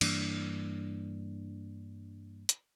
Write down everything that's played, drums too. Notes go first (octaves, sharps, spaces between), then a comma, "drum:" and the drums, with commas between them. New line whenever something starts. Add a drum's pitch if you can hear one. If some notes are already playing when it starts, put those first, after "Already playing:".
G2 E3 A#3 D4, drum: cymbal
drum: hi-hat